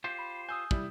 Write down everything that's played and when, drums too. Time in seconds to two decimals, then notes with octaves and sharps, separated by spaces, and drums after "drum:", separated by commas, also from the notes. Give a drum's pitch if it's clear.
0.04 F4 G4 C5
0.19 B5
0.49 G#5 D#6 E6 G6
0.71 G3 E4, drum: kick